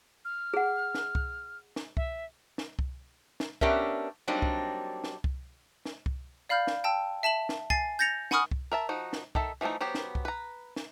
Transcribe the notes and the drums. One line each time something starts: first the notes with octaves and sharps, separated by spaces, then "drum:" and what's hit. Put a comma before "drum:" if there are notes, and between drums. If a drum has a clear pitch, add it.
F6
G#4 F#5
drum: snare
drum: kick C2
drum: snare
E5, drum: kick C2
drum: snare
drum: kick C2
drum: snare
B3 C#4 D4 G4 A#4 E5, drum: kick C2
F#3 G3 A#3 C4 D4 D#4
drum: kick C2
drum: snare
drum: kick C2
drum: snare
drum: kick C2
D5 F5 B5 F6 G6
drum: snare
G5 A5 E6
E5 A5 E7 F#7
drum: snare
G#5 A6 C7, drum: kick C2
G6 A6 A#6 C#7 F7
F#5 G#5 B5 C#6 D#6 F6, drum: snare
drum: kick C2
A#4 E5 A5
F3 D#4 F#4
drum: snare
D#3 A4 E5, drum: kick C2
E3 F3 G#3 A3 D#4
F#3 B3 G4 C5
drum: snare
drum: kick C2
B4 A#5
drum: snare